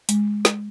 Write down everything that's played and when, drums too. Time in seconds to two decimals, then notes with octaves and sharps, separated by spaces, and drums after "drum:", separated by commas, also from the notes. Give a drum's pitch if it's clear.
0.09 G#3, drum: hi-hat
0.45 drum: snare